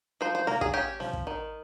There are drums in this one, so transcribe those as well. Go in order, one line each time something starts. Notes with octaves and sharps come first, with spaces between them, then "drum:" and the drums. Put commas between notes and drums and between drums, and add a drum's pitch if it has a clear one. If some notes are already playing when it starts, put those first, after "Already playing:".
F3 C5
C5
A#3 A#4, drum: snare
G#4, drum: kick
C#4 G4
F3, drum: snare
drum: kick
D#3